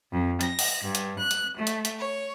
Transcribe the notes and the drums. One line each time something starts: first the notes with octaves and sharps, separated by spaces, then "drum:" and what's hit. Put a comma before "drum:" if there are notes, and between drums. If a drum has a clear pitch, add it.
F2
A#6, drum: hi-hat
drum: open hi-hat
G2
drum: hi-hat
F#6
drum: hi-hat
A3
drum: hi-hat
drum: hi-hat
C#5